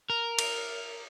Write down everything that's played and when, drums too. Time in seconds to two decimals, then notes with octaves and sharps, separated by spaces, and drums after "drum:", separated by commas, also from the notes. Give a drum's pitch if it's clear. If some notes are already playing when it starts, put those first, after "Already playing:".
0.10 A#4
0.39 drum: cymbal